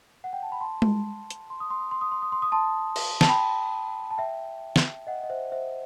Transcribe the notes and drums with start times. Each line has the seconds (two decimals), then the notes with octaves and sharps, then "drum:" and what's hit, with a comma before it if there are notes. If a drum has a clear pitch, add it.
0.24 F#5
0.33 G5
0.43 A5
0.52 B5
0.61 A5 C6
0.82 drum: tom G#3
1.30 drum: hi-hat
1.50 C6
1.60 D#6
1.70 C6
1.81 D#6
1.91 C6
2.01 D#6
2.12 C6
2.22 D#6
2.32 C6
2.42 D#6
2.52 A5 C6
2.96 drum: cymbal
3.21 A5, drum: snare
3.29 G5 B5
4.11 A5
4.18 E5 G5
4.76 drum: snare
5.07 D#5 F#5
5.23 D#5
5.30 C5 E5
5.52 C5 E5